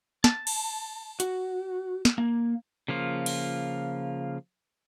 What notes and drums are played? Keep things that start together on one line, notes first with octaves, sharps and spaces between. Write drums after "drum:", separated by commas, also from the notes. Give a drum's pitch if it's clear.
A5, drum: snare
drum: cymbal
F#4, drum: hi-hat
drum: snare
A#3
C#3 F3 A#3 F4
drum: cymbal